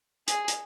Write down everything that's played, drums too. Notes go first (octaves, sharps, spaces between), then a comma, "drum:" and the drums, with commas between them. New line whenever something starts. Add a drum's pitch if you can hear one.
G#4, drum: hi-hat
drum: hi-hat